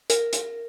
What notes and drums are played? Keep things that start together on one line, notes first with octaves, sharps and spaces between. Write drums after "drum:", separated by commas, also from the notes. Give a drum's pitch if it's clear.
A#4, drum: hi-hat
drum: hi-hat